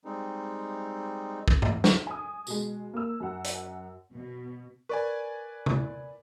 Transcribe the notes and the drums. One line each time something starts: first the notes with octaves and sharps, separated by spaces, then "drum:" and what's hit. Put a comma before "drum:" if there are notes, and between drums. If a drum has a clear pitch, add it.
G3 G#3 C4 D#4
drum: kick
drum: tom G2
drum: snare
G#5 D#6
B2 G#3, drum: tambourine
A#3 E6
F#2 F#5
drum: hi-hat
B2
A#4 B4 D5 G#5 C#6
drum: tom C3